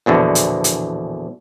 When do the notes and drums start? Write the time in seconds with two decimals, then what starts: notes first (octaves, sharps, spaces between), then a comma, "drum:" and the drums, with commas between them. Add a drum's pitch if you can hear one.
0.06 A#1 E2 B2 D3
0.35 drum: hi-hat
0.64 drum: hi-hat